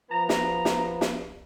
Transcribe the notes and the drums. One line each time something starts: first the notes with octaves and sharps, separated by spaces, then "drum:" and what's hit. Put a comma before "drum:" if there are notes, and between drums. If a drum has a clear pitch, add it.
F3 B3 A#5
drum: snare
drum: snare
drum: snare